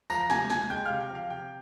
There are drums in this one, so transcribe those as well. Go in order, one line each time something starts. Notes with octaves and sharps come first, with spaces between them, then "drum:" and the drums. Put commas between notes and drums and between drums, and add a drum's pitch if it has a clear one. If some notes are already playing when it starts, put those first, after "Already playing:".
F3 A#5 A#6, drum: tambourine
A#6
C3 G#5 G#6, drum: snare
C3 G#5 G#6, drum: snare
G#6
G#3 G5 G6
C3 F5 F6
G5
F3 F5
C3 G5